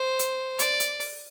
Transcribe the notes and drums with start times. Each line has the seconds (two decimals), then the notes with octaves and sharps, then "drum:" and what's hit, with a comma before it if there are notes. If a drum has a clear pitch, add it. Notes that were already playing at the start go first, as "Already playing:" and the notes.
Already playing: C5
0.19 drum: hi-hat
0.59 D5, drum: hi-hat
0.80 drum: hi-hat
1.00 drum: open hi-hat